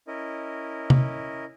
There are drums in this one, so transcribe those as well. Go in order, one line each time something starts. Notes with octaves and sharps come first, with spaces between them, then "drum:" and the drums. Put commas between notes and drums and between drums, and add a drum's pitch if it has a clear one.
C#4 E4 A#4 D#5
drum: tom C3